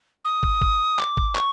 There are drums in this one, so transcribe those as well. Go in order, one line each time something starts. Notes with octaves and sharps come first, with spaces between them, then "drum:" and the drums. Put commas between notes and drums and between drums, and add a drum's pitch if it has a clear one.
D#6
drum: kick
drum: kick
D6, drum: clap
drum: kick
C#6, drum: clap